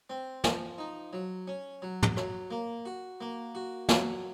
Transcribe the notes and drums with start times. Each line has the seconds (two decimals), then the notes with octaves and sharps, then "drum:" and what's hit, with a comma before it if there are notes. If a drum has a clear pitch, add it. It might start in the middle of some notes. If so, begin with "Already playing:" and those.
0.10 C4
0.44 F3, drum: snare
0.78 D#4
1.13 F#3
1.48 C#4
1.82 F#3
2.03 drum: tom
2.17 F#3, drum: rim click
2.51 A#3
2.85 F#4
3.21 A#3
3.55 F#4
3.89 F#3, drum: snare